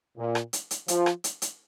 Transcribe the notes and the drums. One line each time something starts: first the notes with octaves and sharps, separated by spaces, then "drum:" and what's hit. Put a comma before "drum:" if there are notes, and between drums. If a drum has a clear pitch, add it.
A#2
drum: rim click
drum: hi-hat
drum: hi-hat
F3, drum: hi-hat
drum: rim click
drum: hi-hat
drum: hi-hat